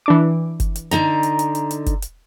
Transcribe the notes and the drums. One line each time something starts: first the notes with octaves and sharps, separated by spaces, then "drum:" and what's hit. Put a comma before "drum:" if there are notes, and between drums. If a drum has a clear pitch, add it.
E3 D4 D6
drum: kick F#1, hi-hat
drum: hi-hat
D3 D#4 A#5, drum: hi-hat
drum: hi-hat
drum: hi-hat
drum: hi-hat
drum: hi-hat
drum: kick F#1, hi-hat
drum: hi-hat